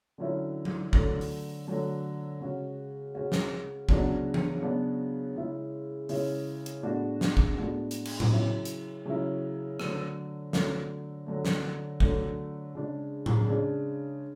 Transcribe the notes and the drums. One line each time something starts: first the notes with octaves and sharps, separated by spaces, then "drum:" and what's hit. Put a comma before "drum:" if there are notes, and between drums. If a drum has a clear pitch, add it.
D3 F#3 C#4 E4
drum: tom F#3
D3 F#3 A3, drum: kick
drum: open hi-hat
D3 F#3 A3
C#3 G#3 C#4 F#4
C#3 G#3 C#4 F#4
drum: snare
C#3 F#3 B3 D4 F#4, drum: kick
drum: tom E3
C#3 F#3 B3 D4 F#4
C#3 G#3 C#4 E4
C#3 G#3 C#4 E4, drum: open hi-hat
drum: hi-hat
A2 G#3 B3 D4 F#4
drum: snare
drum: kick
A2 G#3 B3 D4 F#4
drum: hi-hat
drum: cymbal
drum: tom A2
C#3 F#3 C#4 E4
drum: hi-hat
C#3 F#3 C#4 E4
D3 F#3 A3, drum: rim click
D3 F#3 A3, drum: snare
D3 F#3 A3
drum: snare
D3 F#3 A3, drum: kick
C#3 G#3 D4
drum: tom A2
C#3 G#3 D4